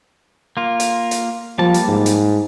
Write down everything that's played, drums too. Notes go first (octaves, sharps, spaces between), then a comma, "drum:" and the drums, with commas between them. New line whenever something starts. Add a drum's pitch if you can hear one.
A#3 F4
drum: hi-hat
drum: hi-hat
F3 G3 A#3 A5
drum: hi-hat
G#2
drum: hi-hat